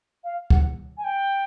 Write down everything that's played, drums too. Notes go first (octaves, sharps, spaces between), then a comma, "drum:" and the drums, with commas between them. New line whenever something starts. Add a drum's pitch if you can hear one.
F5
F#5, drum: kick
G#5
G5